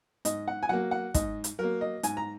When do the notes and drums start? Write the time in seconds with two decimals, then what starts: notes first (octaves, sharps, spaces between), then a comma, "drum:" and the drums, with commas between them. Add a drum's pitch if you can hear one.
0.25 G#2 D#5, drum: hi-hat
0.48 F#5
0.63 G#5
0.69 F#3 A#3 F#5
0.91 F#5
1.14 G#2 D#5, drum: kick, hi-hat
1.44 drum: hi-hat
1.59 F#3 A#3 A#4
1.81 D#5
2.03 G#2 G#5, drum: hi-hat
2.17 A#5